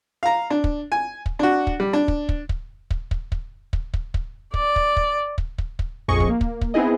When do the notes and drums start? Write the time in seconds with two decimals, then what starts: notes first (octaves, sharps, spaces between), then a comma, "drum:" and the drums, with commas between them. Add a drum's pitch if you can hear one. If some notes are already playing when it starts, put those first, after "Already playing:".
0.23 F5 A#5
0.50 D4
0.64 drum: kick
0.92 G#5
1.26 drum: kick
1.39 D4 F#4
1.67 drum: kick
1.80 G3
1.93 D4
2.08 drum: kick
2.29 drum: kick
2.49 drum: kick
2.91 drum: kick
3.11 drum: kick
3.32 drum: kick
3.73 drum: kick
3.94 drum: kick
4.14 drum: kick
4.54 D5, drum: kick
4.76 drum: kick
4.97 drum: kick
5.38 drum: kick
5.58 drum: kick
5.79 drum: kick
6.08 A#1 F2 G#4 D#5 C#6
6.20 drum: kick
6.29 A#3
6.41 drum: kick
6.61 drum: kick
6.74 B3 C4 D#4 E4 G#4 D#5